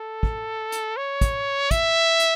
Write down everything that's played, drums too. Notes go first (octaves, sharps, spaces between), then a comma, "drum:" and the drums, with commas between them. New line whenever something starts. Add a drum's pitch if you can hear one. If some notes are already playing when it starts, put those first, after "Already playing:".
Already playing: A4
drum: kick
drum: hi-hat
C#5
drum: kick, hi-hat
E5, drum: kick, hi-hat
drum: hi-hat